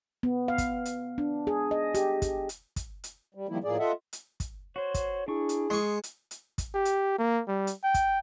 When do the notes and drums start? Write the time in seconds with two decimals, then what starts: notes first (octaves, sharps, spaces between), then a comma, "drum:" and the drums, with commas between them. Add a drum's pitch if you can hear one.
0.23 B3
0.48 F5
0.58 drum: kick, hi-hat
0.85 drum: hi-hat
1.18 D4
1.47 G#4
1.71 D#5
1.95 G4, drum: hi-hat
2.22 drum: kick, hi-hat
2.49 drum: hi-hat
2.76 drum: kick, hi-hat
3.04 drum: hi-hat
3.35 G3
3.49 D#3 F3 G3 A#3 E4
3.64 A2 F3 A#3 G#4 D5
3.79 F4 A4 D#5 E5 F#5
4.13 drum: hi-hat
4.40 drum: kick, hi-hat
4.76 F#4 C5 C#5
4.94 drum: kick, hi-hat
5.28 D4 E4 G#4 C#6
5.49 drum: hi-hat
5.70 G#3 C6 C#6 D#6
6.04 drum: hi-hat
6.31 drum: hi-hat
6.58 drum: kick, hi-hat
6.74 G4
6.85 drum: hi-hat
7.19 A#3
7.48 G3
7.67 drum: hi-hat
7.84 G5
7.94 drum: kick, hi-hat